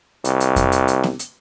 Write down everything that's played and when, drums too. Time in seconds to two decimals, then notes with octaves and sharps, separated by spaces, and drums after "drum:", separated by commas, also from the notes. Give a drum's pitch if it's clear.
0.24 C2, drum: hi-hat
0.40 drum: hi-hat
0.56 drum: kick F2, hi-hat
0.72 drum: hi-hat
0.88 drum: hi-hat
1.03 drum: snare B3
1.19 drum: hi-hat